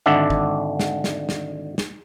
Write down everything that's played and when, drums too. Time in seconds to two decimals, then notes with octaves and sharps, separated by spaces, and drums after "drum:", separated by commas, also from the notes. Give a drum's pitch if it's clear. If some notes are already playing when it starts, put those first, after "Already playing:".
0.06 G#1 D3 D4 D5 E5
0.30 drum: kick
0.80 drum: snare
1.04 drum: snare
1.29 drum: snare
1.78 drum: snare